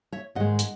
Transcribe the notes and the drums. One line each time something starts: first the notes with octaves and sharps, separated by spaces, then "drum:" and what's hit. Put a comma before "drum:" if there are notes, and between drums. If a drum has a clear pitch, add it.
C#5 E5
G#2 D#3 G#3 D#5 F#5
drum: hi-hat